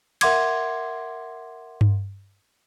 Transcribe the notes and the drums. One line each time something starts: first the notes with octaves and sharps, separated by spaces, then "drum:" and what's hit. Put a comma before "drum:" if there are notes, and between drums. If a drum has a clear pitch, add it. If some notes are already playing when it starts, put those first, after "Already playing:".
A#4 E5 F#5 C6 D6 G#6, drum: cymbal
drum: tom G2